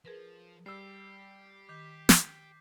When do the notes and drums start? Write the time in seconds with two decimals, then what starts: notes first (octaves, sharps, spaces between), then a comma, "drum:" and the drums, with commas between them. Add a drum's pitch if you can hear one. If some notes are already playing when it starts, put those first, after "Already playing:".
0.05 F3 G#4 A#4 B4
0.66 G3 G4 E6 C7
1.69 D#3 D6 G6 B6
2.09 drum: snare